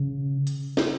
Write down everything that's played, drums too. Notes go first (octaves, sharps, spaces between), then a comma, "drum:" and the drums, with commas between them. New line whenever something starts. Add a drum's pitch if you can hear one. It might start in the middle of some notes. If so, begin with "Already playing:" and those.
Already playing: C#3
drum: hi-hat
drum: snare